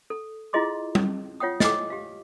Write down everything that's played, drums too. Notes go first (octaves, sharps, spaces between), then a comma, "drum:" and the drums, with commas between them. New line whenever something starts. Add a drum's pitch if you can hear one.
A4
E4 F4 G#4 D#5 C6 D6
drum: tom G3
F4 C#5 F#5 G5 D#6
D#5 D6, drum: snare
G4 F5